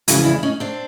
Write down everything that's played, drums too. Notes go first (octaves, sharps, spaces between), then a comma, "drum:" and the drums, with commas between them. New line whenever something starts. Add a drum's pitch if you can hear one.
F2 C#3 E3 E4 F#4, drum: hi-hat
D4 E4
C#4 D#4
C4 D4